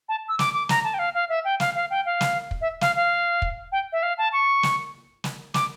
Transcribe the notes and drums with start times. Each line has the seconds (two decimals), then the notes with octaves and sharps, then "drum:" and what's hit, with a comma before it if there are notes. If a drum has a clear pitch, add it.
0.09 A5
0.29 E6
0.39 D6, drum: snare
0.53 D6
0.69 A#5, drum: snare
0.84 A5
0.94 G5
0.99 F5
1.14 F5
1.29 E5
1.45 G5
1.60 F5, drum: snare
1.75 F5
1.90 G5
2.06 F5
2.21 drum: snare
2.51 drum: kick
2.61 E5
2.81 F5, drum: snare
2.96 F5
3.42 drum: kick
3.72 G5
3.92 E5
4.03 F5
4.18 A5
4.33 C#6
4.63 drum: snare
5.24 drum: snare
5.54 D6, drum: snare